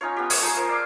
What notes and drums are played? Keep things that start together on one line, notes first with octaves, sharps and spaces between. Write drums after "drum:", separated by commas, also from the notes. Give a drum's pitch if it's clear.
C#4 D#4 F4 C#5
B3 G4
C#5 G#5 C#6 D#6, drum: open hi-hat
F3 D#4 G#4
A#4 C5
D5 F5 D6 E6